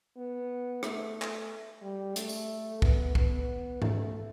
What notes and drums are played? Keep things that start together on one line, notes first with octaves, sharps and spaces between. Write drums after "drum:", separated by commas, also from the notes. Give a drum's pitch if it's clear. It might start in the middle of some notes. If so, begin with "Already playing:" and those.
B3
A3, drum: rim click
drum: clap
G3
A3, drum: hi-hat
drum: tambourine
B3, drum: kick
B3, drum: kick
A3, drum: tom G#2